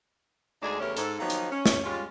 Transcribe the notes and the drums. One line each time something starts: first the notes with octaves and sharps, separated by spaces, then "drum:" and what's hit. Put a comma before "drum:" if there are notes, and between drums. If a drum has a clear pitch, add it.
D2 G#3 D4 D#4 G#4
E2 C#3 A3 C#4 G4 A#4
G#2 A4, drum: hi-hat
D#3 F3 F#3 A#3 B3 D#4
drum: hi-hat
C#4
drum: snare
G3 G#3 C#4 F4